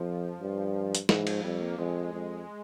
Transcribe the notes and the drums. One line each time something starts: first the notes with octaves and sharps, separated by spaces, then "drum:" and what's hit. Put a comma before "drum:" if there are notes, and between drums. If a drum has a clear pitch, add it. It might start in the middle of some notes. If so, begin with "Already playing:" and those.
Already playing: F2 F3
G2
drum: hi-hat
G#2 E3, drum: snare
F3, drum: cymbal
F2 G3
A#3
F2 G#3
F2